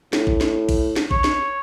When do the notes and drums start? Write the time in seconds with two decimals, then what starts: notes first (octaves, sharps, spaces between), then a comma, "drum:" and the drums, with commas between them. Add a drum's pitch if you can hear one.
0.13 A2, drum: snare
0.27 drum: kick A1
0.41 drum: snare
0.69 drum: kick A1, cymbal
0.96 drum: snare
1.11 C#5, drum: kick A1
1.24 drum: snare